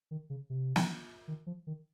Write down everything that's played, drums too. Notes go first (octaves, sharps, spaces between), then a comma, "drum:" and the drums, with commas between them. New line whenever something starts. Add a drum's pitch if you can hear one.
D#3
C#3
C3
drum: snare
D#3
F3
D#3